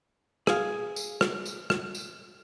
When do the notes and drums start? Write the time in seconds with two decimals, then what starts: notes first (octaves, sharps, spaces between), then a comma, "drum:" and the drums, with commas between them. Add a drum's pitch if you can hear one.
0.47 G#4 F5, drum: rim click
0.96 drum: tambourine
1.21 drum: rim click
1.45 drum: tambourine
1.70 drum: rim click
1.95 drum: tambourine